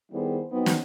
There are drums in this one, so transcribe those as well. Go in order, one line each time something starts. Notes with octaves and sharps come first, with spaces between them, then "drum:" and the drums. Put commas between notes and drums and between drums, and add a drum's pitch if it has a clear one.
D#3 G3 B3 E4 G#4 C5
F#3 B3 C4 D#4
drum: snare